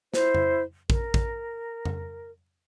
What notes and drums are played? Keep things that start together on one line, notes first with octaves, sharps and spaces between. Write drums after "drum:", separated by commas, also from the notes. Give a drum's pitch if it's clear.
E4 C5, drum: snare
drum: tom F2
A#4, drum: kick
drum: kick
drum: tom F2